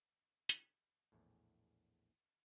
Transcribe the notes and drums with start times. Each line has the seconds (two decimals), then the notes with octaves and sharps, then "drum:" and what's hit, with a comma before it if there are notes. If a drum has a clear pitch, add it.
0.49 drum: hi-hat
1.12 A#1 E2 A2